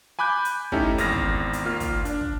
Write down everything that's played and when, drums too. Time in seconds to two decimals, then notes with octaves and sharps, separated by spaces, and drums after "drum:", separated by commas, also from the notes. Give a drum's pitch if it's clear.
0.19 G#5 B5 D6 F#6 G6
0.45 drum: hi-hat
0.72 A3 C#4 D#4 E4 G4 A4, drum: kick
0.98 G#1 E2 F6 A#6, drum: hi-hat
1.13 drum: kick
1.53 drum: hi-hat
1.64 G#1 A#3 F4 F6
1.80 drum: kick, hi-hat
2.05 D4, drum: hi-hat
2.21 drum: kick